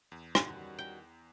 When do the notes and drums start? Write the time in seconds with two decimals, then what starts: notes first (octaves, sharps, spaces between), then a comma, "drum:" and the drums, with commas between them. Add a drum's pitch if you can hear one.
0.12 E2
0.35 drum: rim click
0.45 D#3 G3 C#4 F#4
0.79 G5